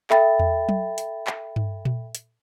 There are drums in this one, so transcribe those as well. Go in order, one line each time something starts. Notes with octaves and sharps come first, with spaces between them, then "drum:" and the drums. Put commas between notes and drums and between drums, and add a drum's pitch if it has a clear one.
A4 E5 G5 B5 A6, drum: clap
drum: tom E2
drum: tom F#3
drum: hi-hat
drum: clap
drum: tom G2
drum: tom A#2
drum: hi-hat